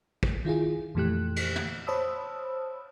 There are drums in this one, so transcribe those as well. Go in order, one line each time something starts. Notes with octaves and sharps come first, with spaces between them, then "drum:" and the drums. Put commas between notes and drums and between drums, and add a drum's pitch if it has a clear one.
drum: kick
D#3 E4 F4 G#4
F2 A#2 E3 A3 G4 F#6
drum: cymbal
drum: tom
C5 C#5 A5 B5 D#6 E6